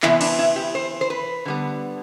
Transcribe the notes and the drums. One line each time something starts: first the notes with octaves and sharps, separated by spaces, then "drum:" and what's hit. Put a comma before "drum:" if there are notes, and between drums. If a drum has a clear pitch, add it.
C3 E3 B3 E4, drum: clap
D4, drum: cymbal
E4
G4
C5
C5
B4
D3 G3 B3